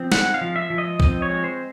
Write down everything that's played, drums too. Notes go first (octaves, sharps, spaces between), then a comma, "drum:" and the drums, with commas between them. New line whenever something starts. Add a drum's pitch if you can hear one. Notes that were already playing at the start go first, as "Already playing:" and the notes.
Already playing: F3 C4
G#3 F#5, drum: snare
F5
F3
E5
F3
D#5
C4 D#5, drum: kick B1
C#5
G#3
C5